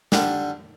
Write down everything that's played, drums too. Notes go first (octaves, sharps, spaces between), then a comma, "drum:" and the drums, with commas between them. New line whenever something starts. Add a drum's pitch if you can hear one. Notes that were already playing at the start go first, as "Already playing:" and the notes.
D3 G3 D4, drum: snare